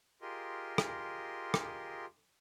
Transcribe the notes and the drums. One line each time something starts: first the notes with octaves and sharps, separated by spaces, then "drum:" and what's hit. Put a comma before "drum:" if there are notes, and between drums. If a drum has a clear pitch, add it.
F4 G4 G#4 A#4 D#5 C6
drum: rim click
drum: rim click